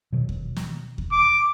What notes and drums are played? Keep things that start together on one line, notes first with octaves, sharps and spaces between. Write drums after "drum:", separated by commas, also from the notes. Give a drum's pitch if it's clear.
B2 D#3 F#3
drum: kick D#2
drum: snare
drum: kick D#2
D6